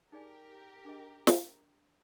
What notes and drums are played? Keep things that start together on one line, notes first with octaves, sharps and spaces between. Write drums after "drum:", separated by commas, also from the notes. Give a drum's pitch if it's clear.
D#4 G4 G#4 A#4 D5 G#5
D4 G#4 D#5
drum: snare